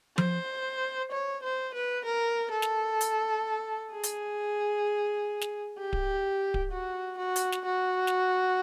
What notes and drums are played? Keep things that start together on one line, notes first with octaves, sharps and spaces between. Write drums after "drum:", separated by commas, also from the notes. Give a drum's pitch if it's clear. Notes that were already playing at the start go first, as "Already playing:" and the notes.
C5, drum: tom F3
C#5
C5
B4
A#4
A4
drum: snare
drum: hi-hat
G#4
drum: hi-hat
drum: snare
G4
drum: kick D1
drum: kick D1
F#4
F#4
drum: hi-hat
drum: snare
F#4
drum: snare